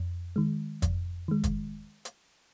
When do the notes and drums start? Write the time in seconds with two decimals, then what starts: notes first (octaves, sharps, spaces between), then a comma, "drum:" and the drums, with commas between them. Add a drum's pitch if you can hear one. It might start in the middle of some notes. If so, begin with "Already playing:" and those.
Already playing: F2
0.36 D#3 G#3
0.82 F2, drum: kick, hi-hat
1.28 D#3 G#3
1.44 drum: kick, hi-hat
2.05 drum: hi-hat